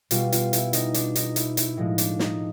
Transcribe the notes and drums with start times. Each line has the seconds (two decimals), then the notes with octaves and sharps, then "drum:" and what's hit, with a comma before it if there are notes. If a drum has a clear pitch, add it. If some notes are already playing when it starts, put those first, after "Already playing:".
0.11 B2 G3 F4, drum: hi-hat
0.32 F4, drum: hi-hat
0.53 E4, drum: hi-hat
0.73 D#4, drum: hi-hat
0.94 D4, drum: hi-hat
1.16 D#4, drum: hi-hat
1.36 E4, drum: hi-hat
1.57 E4, drum: hi-hat
1.77 A2 F3 G#3 D#4
1.98 D4, drum: hi-hat
2.19 D#4, drum: snare